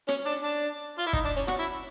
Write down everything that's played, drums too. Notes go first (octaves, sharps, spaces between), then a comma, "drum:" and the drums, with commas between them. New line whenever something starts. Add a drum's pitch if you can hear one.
C#4, drum: rim click
D4
D4
F4
E4
D#4, drum: kick
D4
C#4
F#4, drum: rim click
E4